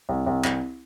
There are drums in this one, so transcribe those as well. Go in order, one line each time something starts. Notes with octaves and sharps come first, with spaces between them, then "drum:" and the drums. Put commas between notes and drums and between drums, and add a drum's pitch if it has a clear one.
C2
C2
C2, drum: clap